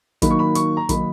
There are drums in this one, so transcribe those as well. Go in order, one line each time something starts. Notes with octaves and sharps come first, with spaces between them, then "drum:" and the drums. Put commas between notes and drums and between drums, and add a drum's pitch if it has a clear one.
D#3 F#3 A#3 D#4 B5, drum: kick, hi-hat
C#6
B5
C#6, drum: hi-hat
A#5
D#3 F#3 A#3 D#4 B5, drum: kick, hi-hat